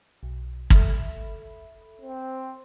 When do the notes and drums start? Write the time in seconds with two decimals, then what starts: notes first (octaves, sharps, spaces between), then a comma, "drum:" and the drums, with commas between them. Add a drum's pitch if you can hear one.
0.23 B1
0.70 A4 E5 B5, drum: kick
2.01 C4